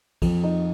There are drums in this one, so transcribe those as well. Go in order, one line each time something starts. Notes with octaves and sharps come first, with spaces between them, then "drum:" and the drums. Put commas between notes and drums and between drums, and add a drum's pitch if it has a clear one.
F2, drum: kick, cymbal
D#4